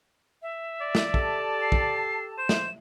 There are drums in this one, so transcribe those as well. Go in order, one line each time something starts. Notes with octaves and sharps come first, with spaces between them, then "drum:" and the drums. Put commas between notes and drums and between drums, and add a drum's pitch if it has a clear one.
E5
D5
drum: snare
G4 A4 A5, drum: kick
C7
drum: kick
C5 E7
drum: snare